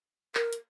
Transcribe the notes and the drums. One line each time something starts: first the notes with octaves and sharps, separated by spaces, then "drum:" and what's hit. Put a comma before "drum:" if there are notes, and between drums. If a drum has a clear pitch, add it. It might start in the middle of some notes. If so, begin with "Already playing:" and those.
A#4, drum: clap
drum: hi-hat